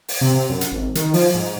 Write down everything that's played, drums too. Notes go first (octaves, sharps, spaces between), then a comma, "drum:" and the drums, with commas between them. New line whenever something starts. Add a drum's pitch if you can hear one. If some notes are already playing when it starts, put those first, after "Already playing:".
drum: open hi-hat
C3
C3
F#2
drum: hi-hat
G#1
D#3, drum: hi-hat
F3, drum: open hi-hat
G#2